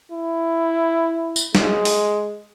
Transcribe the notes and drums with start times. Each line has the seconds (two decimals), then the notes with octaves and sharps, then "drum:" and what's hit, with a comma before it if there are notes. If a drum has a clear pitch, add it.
0.12 E4
1.36 drum: tambourine
1.55 G#3, drum: snare
1.85 drum: open hi-hat